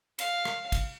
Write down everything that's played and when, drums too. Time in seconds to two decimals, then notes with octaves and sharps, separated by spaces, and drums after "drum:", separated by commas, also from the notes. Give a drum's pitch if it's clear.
0.19 F5, drum: cymbal
0.45 drum: rim click
0.72 drum: kick, cymbal